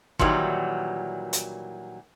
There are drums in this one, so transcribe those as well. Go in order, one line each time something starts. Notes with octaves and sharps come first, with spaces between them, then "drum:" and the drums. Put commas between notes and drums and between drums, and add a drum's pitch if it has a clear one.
A#2 D#3 E3 F#3 G3, drum: kick
drum: hi-hat